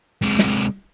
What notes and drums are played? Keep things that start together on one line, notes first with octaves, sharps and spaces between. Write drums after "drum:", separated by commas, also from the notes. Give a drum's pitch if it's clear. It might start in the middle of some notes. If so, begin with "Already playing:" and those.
C3 G#3
drum: snare